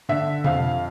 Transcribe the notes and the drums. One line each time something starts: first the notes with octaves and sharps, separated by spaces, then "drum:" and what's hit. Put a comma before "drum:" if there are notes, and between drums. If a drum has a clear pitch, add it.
D3 E5
F2 F5, drum: tom B2